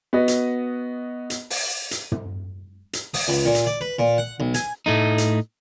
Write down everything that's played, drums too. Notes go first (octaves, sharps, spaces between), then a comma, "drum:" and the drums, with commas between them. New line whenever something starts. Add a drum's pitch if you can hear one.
B3 F#4 D#5
drum: hi-hat
drum: hi-hat
drum: open hi-hat
drum: hi-hat
drum: tom
drum: hi-hat
D#6, drum: open hi-hat
C#2
A#2
drum: hi-hat
D5
B4
A#2
F#5
B1
G#5, drum: hi-hat
A2 A3 D#4
drum: hi-hat